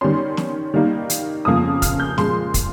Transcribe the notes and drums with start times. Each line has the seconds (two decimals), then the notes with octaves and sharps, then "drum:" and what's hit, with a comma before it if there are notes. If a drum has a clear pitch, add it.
0.01 D#3 G3 C#4 C6
0.37 drum: snare
0.74 D#3 G3 A#3 D#4
1.10 drum: hi-hat
1.45 F2 C#3 F3 A#3 D#6
1.82 F6, drum: kick, hi-hat
2.00 G6
2.18 A#2 F3 G#3 C6, drum: snare
2.54 drum: kick, hi-hat